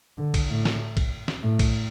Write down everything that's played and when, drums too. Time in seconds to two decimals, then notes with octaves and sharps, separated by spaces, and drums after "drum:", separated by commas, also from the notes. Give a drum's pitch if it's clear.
0.18 D3
0.34 drum: kick, cymbal
0.49 A2
0.65 drum: snare
0.97 drum: kick, cymbal
1.28 drum: snare
1.43 A2
1.59 drum: kick, cymbal